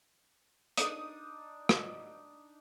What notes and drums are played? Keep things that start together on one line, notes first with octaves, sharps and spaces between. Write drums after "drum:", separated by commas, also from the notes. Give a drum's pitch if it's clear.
D4 D#4 D#6, drum: hi-hat
drum: rim click